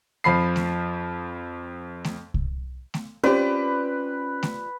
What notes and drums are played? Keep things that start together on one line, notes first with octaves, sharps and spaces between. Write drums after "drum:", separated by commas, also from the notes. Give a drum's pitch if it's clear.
F2 F3 B5 C7
drum: snare A3
drum: snare A3
drum: kick C2
drum: snare A3
C4 C#4 F4 G4 B4 D5
drum: snare A3